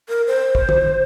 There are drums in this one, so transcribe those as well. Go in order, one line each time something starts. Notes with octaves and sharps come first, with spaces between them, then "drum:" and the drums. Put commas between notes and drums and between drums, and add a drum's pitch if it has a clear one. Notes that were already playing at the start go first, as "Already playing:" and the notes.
A#4
C5
drum: kick
drum: tom